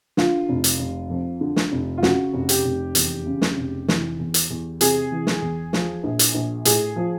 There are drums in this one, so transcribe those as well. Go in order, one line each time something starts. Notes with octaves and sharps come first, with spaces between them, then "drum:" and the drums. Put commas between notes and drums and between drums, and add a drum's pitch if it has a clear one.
D3 F4, drum: snare
F1
drum: hi-hat
F1
F2
D3
drum: snare
F1
F4
C#3 F#4, drum: snare
F1
G4, drum: hi-hat
F1
E2, drum: hi-hat
C#3
drum: snare
F1
E3, drum: snare
E2
drum: hi-hat
E2
C3 G#4, drum: hi-hat
E3
drum: snare
E2
F3, drum: snare
A#1
drum: hi-hat
A#1
A2 G#4, drum: hi-hat
F3